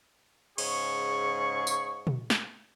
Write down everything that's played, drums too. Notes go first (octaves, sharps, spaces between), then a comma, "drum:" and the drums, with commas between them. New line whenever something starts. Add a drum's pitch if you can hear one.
G#2 C#3 G#4 C#6, drum: cymbal
drum: tambourine
drum: tom
drum: snare